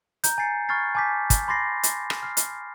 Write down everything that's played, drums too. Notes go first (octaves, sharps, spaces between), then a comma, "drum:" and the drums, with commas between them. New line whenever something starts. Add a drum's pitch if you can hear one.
A#5 G6, drum: hi-hat
G#5 A6 C7 C#7
B5 C#6 F6 G#6 A6 C7
G#5 A5 D6 G6 B6
drum: kick, hi-hat
B5 C6 D6 A6 A#6 C7
drum: hi-hat
drum: rim click
F6 C7
drum: hi-hat